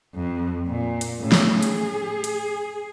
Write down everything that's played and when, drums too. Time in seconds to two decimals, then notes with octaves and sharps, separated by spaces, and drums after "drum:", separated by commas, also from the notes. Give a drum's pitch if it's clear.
0.15 F2
0.66 A#2
1.01 drum: hi-hat
1.20 A2 C#3
1.32 drum: snare
1.62 G#4, drum: hi-hat
2.24 drum: hi-hat